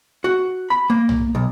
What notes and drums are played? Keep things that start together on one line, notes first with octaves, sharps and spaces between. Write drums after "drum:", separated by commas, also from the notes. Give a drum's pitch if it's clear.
F#4
B5
A#3
drum: tom
B1